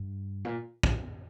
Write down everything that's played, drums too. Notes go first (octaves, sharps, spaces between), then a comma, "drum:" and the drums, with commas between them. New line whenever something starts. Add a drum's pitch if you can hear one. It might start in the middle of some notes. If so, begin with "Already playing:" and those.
Already playing: G2
A#2
drum: kick